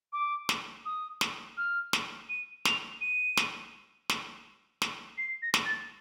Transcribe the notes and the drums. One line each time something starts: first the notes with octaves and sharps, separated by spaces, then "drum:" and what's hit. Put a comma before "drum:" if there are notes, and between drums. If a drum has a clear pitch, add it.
D6
drum: snare
D#6
drum: snare
F6
drum: snare
D#7
F7, drum: snare
D#7
drum: snare
drum: snare
drum: snare
C7
A#6
drum: snare
A6